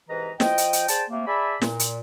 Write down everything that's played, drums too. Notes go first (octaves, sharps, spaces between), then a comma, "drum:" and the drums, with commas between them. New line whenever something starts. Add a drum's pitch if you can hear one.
C2 G#2 E3 B4 D#5 A#5
F3 D#5 G5, drum: snare
drum: hi-hat
drum: hi-hat
G#4 C5 D5 G5 A5, drum: hi-hat
C3 A3 A#3
G#4 D5 E5 G#5 A5 B5
A#2, drum: snare
drum: hi-hat